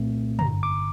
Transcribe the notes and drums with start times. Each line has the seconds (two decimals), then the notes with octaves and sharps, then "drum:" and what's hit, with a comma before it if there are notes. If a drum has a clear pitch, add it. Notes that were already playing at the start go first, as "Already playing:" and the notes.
Already playing: C2 A#2 A3 C4
0.39 G1 G2 D3 A#5, drum: tom
0.63 D6